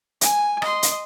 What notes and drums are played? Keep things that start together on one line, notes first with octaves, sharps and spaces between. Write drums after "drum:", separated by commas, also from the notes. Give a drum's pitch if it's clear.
G#5, drum: hi-hat
D#5 C6, drum: rim click
drum: hi-hat